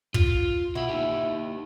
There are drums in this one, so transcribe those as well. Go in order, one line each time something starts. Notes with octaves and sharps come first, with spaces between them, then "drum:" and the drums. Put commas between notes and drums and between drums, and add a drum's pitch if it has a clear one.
F4, drum: kick
B2 E4 F#4 B5
D#4 G4